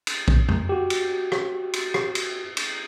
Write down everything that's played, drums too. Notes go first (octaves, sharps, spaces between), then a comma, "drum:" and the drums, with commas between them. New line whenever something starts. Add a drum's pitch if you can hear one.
drum: cymbal
drum: kick A#1
drum: tom F2
F#4 G4
drum: cymbal
drum: rim click
drum: cymbal
drum: rim click
drum: cymbal
drum: cymbal